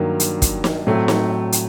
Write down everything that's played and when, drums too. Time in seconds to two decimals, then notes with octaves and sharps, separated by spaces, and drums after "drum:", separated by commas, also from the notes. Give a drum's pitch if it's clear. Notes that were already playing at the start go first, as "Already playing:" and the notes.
Already playing: G2 D#3 F#3 A#3
0.20 drum: hi-hat
0.42 drum: kick, hi-hat
0.64 drum: snare
0.87 A2 F#3 A3 C4
1.08 drum: snare
1.52 drum: hi-hat